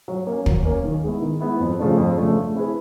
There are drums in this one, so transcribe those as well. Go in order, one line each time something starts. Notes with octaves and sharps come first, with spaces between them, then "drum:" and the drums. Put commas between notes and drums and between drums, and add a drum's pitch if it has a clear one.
F#3
A#3 C#4
F#3, drum: kick
A#3 C#4
D#3
G#3 B3 E4
D#3
G#3 B3 E4
F2
C#3 F3 A3 D4
F2
C#3 F3 A3 D4
A3
C4 E4 G#4 B4